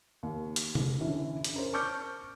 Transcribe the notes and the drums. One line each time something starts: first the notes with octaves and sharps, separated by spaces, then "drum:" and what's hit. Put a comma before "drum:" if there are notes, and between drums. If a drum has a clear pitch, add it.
D#2
drum: hi-hat
drum: tom
D3 E3 C#4
drum: hi-hat
C#4 A#4 C5
A5 C#6 D6 F6 G6 C#7